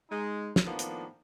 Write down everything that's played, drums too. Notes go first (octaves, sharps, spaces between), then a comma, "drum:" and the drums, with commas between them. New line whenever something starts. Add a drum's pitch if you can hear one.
G#3 D#4
drum: snare
A2 D#3 F3 A#3 B3 D4
drum: hi-hat